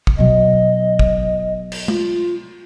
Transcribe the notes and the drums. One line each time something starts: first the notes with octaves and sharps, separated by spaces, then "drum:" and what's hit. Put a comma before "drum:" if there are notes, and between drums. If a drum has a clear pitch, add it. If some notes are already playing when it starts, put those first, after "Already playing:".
drum: kick
B2 F#3 D#5
drum: kick
drum: cymbal
F4, drum: tom